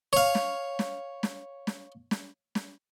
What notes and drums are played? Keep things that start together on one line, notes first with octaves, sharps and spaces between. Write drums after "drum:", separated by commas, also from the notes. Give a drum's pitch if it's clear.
C#5 F5
drum: snare
drum: snare
drum: snare
drum: snare
drum: snare
drum: snare